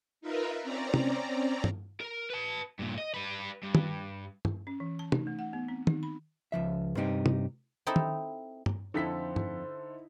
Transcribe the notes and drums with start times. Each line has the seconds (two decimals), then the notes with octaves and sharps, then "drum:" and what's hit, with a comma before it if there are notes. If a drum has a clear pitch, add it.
0.21 D#4 F4 A#4 B4 E5
0.62 C4 C#4 D5 A#5
0.94 drum: tom
1.64 drum: tom
2.01 A#4
2.30 B4 A5
2.79 G2 A#2
2.98 D#5
3.14 G3 B4
3.63 G2
3.75 drum: tom
4.45 drum: tom
4.67 C#4
4.80 E3
4.99 A5
5.12 D#4, drum: tom
5.27 A3
5.39 F#5
5.53 B3
5.68 C4
5.87 D#4, drum: tom D#3
6.03 B5
6.52 C#2 F3 E5
6.97 G2 C3 D#4 G4
7.26 drum: tom
7.87 C4 D#4 E4 A4
7.96 drum: tom D#3
8.66 drum: tom
8.94 F2 D3 D#4 E4 A4 C5 B6
9.36 drum: tom